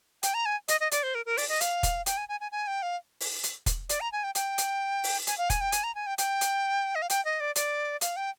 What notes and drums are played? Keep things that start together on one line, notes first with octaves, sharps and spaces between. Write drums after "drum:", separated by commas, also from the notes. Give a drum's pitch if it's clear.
G5, drum: hi-hat
A#5
G#5
D#5, drum: hi-hat
D#5
D5, drum: hi-hat
C5
A#4
A#4
D5, drum: open hi-hat
D#5
F5, drum: hi-hat
drum: kick, hi-hat
G5, drum: hi-hat
G#5
G#5
G#5
G#5
G5
F5
drum: open hi-hat
drum: hi-hat
drum: kick, hi-hat
D5, drum: hi-hat
A#5
G#5
G5
G5, drum: hi-hat
drum: hi-hat
drum: open hi-hat
G#5, drum: hi-hat
F5
G#5, drum: kick, hi-hat
G5
G#5, drum: hi-hat
A#5
G#5
G5
G5, drum: hi-hat
drum: hi-hat
D#5
F5
G5, drum: hi-hat
D#5
D5
D5, drum: hi-hat
F5, drum: hi-hat
G5